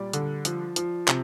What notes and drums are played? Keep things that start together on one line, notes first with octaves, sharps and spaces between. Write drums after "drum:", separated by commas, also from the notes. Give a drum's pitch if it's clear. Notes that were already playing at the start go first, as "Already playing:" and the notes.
Already playing: A#2 G3 D5
D3, drum: hi-hat
F3, drum: hi-hat
F3, drum: hi-hat
C3, drum: clap